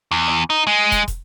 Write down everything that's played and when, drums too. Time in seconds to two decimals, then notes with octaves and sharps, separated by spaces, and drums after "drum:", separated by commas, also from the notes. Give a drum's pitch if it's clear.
0.11 E2
0.28 drum: rim click
0.50 D#4
0.67 G#3
0.92 drum: kick, hi-hat
1.08 drum: kick, hi-hat